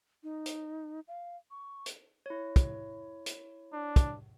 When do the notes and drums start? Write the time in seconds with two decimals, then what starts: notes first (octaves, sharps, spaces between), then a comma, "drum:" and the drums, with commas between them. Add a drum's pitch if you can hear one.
0.23 D#4
0.46 drum: hi-hat
1.08 F5
1.51 C#6
1.86 drum: hi-hat
2.26 E4 C#5
2.56 drum: kick, hi-hat
3.26 drum: hi-hat
3.73 D4
3.96 drum: kick, hi-hat